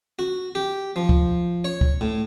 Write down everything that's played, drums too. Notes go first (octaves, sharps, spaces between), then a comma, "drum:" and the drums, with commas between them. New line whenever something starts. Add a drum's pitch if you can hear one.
F#4
G4
F3
drum: kick
C#5
drum: kick
A2